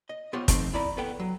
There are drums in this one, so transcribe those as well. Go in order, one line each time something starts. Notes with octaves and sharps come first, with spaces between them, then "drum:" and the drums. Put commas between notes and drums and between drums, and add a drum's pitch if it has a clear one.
D#5
B3 F4 G4 C5 C#5
F3 A3 C4 D#4 C5, drum: kick, hi-hat
E4 D5 A#5 B5
B3 A4 G5
F#3